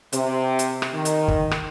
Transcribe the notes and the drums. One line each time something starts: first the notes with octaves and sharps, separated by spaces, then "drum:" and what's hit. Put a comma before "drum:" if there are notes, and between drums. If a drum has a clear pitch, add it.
C3, drum: hi-hat
drum: hi-hat
drum: rim click
D#3
drum: hi-hat
drum: kick
drum: rim click